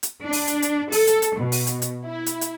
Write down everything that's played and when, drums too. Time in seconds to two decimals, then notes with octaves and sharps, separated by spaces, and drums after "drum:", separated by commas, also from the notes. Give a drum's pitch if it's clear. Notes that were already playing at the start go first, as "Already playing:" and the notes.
0.03 drum: hi-hat
0.23 D4
0.33 drum: open hi-hat
0.47 drum: hi-hat
0.62 drum: hi-hat
0.92 A4, drum: open hi-hat
1.07 drum: hi-hat
1.22 drum: hi-hat
1.37 B2
1.52 drum: open hi-hat
1.67 drum: hi-hat
1.82 drum: hi-hat
2.04 E4
2.26 drum: hi-hat
2.41 drum: hi-hat